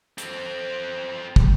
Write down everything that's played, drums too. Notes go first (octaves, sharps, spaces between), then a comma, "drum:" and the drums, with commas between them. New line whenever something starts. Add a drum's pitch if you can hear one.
C4 A4, drum: hi-hat
drum: kick